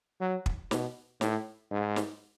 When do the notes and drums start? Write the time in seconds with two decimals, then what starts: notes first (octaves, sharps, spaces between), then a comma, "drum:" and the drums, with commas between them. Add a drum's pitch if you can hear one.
0.21 F#3
0.46 drum: kick
0.71 B2, drum: snare
1.21 A2, drum: snare
1.71 G#2
1.96 drum: snare